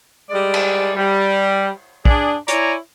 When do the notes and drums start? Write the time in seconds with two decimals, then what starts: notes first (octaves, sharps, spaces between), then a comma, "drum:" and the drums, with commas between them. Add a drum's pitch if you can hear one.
0.30 G3 G#3 D5
0.54 drum: cymbal
0.96 G3
2.05 D4 G#4, drum: kick
2.48 E4 C#5 D5 G#5 A#5, drum: hi-hat